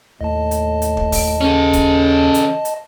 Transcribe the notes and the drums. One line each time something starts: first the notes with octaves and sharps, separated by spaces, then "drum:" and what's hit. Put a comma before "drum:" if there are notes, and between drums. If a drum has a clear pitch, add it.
D#2 A2 D#5 A5
drum: hi-hat
drum: hi-hat
drum: kick
drum: kick, open hi-hat
C#3 C#4 A4
drum: kick, hi-hat
drum: hi-hat
drum: hi-hat